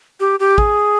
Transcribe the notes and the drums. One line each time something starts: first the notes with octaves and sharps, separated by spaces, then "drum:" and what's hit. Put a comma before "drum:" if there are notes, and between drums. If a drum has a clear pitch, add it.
G4
G4
G#4, drum: kick